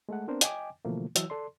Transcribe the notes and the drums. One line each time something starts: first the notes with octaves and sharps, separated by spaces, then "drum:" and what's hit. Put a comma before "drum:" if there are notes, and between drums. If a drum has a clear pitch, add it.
G#3 A3 A4 F#5
B3 C4 D4 A#4 C5
D#5 G5 G#5 D6, drum: hi-hat
B2 D3 E3 F3 A3 A#3
E3 F#3 E6, drum: hi-hat
A4 D5 C6